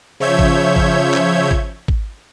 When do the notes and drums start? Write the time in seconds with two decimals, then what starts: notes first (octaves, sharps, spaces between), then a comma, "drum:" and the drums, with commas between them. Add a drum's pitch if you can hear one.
0.20 C#3 F3 C#5 E5 G6 G#6
0.39 drum: kick G#1
0.76 drum: kick G#1
1.14 drum: clap
1.51 drum: kick G#1
1.88 drum: kick G#1